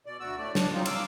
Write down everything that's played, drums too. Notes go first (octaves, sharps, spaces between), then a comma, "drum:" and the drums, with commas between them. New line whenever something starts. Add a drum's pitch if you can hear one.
B2 D5
D2 F#4 E6
A2 A3 D5
D4, drum: snare
F3 F#3 A#3 C4 D#4 F4
F5 D6 E6, drum: cymbal